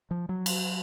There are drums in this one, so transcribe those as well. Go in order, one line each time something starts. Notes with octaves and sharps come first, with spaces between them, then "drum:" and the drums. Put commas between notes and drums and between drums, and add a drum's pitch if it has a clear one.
F3
F#3
drum: cymbal